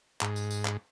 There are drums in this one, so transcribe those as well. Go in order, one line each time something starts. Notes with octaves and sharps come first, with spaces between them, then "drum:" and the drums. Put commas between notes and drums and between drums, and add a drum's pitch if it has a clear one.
G#2, drum: clap
drum: tambourine
drum: tambourine
drum: clap